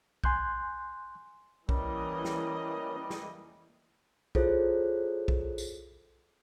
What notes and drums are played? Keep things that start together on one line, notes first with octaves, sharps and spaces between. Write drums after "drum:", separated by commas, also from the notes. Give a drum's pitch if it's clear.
G#5 C6 F#6 G6, drum: kick B1
E3 G3 A#3 C#4 A#4 D#5, drum: kick B1
drum: snare
drum: snare
E4 F4 G#4 A4 C5 C#5, drum: kick B1
drum: kick B1
drum: tambourine